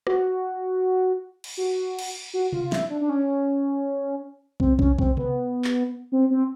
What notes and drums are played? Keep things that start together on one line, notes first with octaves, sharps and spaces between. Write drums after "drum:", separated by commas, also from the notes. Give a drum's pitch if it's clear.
F#4, drum: rim click
drum: cymbal
F#4
drum: cymbal
F#4
F4, drum: tom C3
F4
E4, drum: snare
D4
D4
C#4
C4, drum: kick
C#4, drum: kick
C4, drum: kick
B3, drum: tom C3
drum: clap
C4
C4